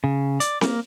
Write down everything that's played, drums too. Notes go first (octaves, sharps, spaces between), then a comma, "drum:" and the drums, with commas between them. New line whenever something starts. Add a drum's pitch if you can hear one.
C#3
D5, drum: hi-hat
A#3, drum: snare C4